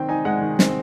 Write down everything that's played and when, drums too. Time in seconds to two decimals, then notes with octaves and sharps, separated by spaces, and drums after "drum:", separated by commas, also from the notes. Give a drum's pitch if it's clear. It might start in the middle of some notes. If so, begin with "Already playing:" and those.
Already playing: D#3 C4 G5
0.09 D#4 G#5
0.25 G#3 F#5
0.41 D#3
0.59 C4, drum: snare